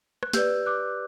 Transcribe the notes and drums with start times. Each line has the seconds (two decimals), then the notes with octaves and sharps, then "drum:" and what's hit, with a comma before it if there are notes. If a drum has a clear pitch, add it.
0.23 F#6, drum: rim click
0.33 G4 B4 D5 E6 G6, drum: snare
0.66 D6 F#6